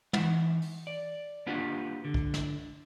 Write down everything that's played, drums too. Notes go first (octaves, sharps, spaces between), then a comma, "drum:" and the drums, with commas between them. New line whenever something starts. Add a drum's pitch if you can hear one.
E3 D#4 E5 F#5, drum: tom
drum: open hi-hat
D5
A#3 D4 F4 G4 B4 F#5
D3
drum: kick
drum: snare